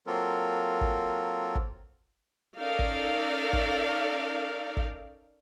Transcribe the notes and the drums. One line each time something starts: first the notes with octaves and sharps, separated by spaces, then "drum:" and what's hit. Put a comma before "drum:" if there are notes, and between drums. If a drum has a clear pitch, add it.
F#3 A#3 C4 F4 A4 A#4
drum: kick
drum: kick
C#4 D#4 A4 A#4 D5 F5
drum: kick
drum: kick
drum: kick